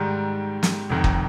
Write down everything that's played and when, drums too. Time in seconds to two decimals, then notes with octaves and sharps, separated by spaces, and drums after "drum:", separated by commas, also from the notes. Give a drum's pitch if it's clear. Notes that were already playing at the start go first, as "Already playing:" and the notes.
Already playing: G#2 D#3 G3
0.63 drum: snare
0.90 F1 F2 D#3
1.04 drum: kick